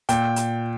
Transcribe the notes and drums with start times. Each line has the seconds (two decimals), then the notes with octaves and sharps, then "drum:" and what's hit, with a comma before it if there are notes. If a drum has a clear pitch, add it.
0.09 A#2 G5, drum: hi-hat
0.36 drum: hi-hat